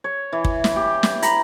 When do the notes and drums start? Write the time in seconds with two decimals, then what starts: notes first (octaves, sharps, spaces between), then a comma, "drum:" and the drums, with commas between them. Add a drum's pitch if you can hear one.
0.04 C#5
0.32 E3
0.45 drum: kick
0.64 drum: snare
0.76 G4
1.03 drum: snare
1.22 A#5 B5, drum: hi-hat